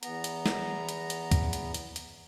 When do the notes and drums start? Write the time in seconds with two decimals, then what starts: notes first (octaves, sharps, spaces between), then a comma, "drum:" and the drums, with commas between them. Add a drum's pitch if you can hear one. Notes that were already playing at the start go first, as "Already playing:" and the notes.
0.03 E2 B3 A#5, drum: hi-hat
0.24 drum: hi-hat
0.46 drum: snare
0.89 drum: hi-hat
1.10 drum: hi-hat
1.31 drum: kick, hi-hat
1.53 drum: hi-hat
1.74 drum: hi-hat
1.96 drum: hi-hat